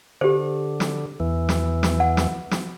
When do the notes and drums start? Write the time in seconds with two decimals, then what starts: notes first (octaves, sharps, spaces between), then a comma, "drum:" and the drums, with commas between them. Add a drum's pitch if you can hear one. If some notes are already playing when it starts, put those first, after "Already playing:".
0.21 D3 G4 C5
0.80 drum: snare
1.20 E2 E3
1.49 drum: snare
1.83 drum: snare
2.00 F#5
2.17 drum: snare
2.51 drum: snare